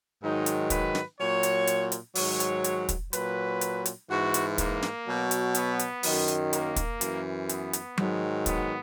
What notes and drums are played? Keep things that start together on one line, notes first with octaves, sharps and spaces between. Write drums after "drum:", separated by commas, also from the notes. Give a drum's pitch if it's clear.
G#2 D#3 F#3 D#4
drum: hi-hat
B4, drum: kick, hi-hat
drum: snare
A#2 F#3 C#5
drum: hi-hat
drum: hi-hat
drum: hi-hat
G#2 D#3 F#3 C#5, drum: open hi-hat
drum: hi-hat
drum: hi-hat
drum: kick, hi-hat
A#2 F#3 B4, drum: hi-hat
drum: hi-hat
drum: hi-hat
G#2 E3 F#4
drum: hi-hat
A#3, drum: kick, hi-hat
drum: snare
B2 F#3
drum: hi-hat
B3, drum: hi-hat
drum: hi-hat
F#2 D#3 F#3, drum: open hi-hat
drum: hi-hat
A#3, drum: hi-hat
drum: kick, hi-hat
F#2 E3, drum: hi-hat
B3, drum: hi-hat
drum: hi-hat
G#2 D#3 F#3, drum: tom F#3
B3, drum: kick, hi-hat